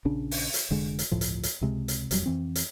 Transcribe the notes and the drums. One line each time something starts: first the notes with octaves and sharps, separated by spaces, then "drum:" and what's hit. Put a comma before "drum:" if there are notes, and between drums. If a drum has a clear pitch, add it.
A#1 C#3 D4
drum: open hi-hat
drum: hi-hat
F1 D3 G#3
drum: hi-hat
G1 C#2 A2 F3
drum: hi-hat
drum: hi-hat
C#2 C3 G#3
drum: hi-hat
E1 F2 F#3 G3, drum: hi-hat
F2 E3 C4
drum: hi-hat